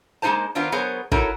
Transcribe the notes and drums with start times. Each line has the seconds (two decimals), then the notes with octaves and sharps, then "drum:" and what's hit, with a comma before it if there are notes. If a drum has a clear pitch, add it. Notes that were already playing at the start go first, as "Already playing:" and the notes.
0.22 G#3 A#3 D#4 F4 C5 A5
0.55 D#3 B3 D4 F4 A#4 C5
0.72 F#3 B3 G#4 A#4 C5 C#5
1.12 D#4 E4 F#4 A4 A#4 C#5, drum: kick